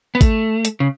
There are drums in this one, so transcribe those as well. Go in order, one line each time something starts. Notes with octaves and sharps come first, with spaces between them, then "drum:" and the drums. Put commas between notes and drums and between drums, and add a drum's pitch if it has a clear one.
B3
A3, drum: kick, hi-hat
drum: hi-hat
C#3